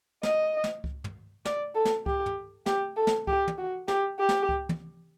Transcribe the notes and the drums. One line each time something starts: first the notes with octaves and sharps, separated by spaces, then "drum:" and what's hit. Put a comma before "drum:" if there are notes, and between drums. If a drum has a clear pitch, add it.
D#5, drum: snare
drum: snare
drum: kick C#2
drum: tom
D5, drum: snare
A4
drum: snare
G4, drum: kick C#2
drum: tom
G4, drum: snare
A4
drum: snare
G4, drum: kick C#2
drum: tom
F#4
G4, drum: snare
G4
drum: snare
drum: kick C#2
drum: tom